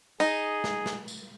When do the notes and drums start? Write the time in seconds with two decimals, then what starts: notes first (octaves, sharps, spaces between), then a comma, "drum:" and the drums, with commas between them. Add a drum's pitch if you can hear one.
0.20 D#4 G#4, drum: tambourine
0.64 drum: snare
0.86 drum: snare
1.08 drum: tambourine